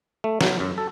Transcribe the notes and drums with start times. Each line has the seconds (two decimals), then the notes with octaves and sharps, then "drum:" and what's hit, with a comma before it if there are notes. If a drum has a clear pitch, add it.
0.24 A3
0.41 F#3, drum: snare
0.60 F#2
0.78 A4